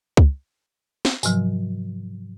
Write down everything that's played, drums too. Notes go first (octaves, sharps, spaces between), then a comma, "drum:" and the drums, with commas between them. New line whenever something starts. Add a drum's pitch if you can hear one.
drum: kick C#2
drum: snare
G#2 C3 F3 F#3, drum: tambourine